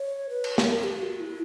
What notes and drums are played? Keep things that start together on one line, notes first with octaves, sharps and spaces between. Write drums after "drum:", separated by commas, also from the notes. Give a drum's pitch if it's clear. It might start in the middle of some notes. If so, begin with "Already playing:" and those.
Already playing: C#5
B4
drum: cymbal
G4, drum: snare
A#4
G4
F#4
E4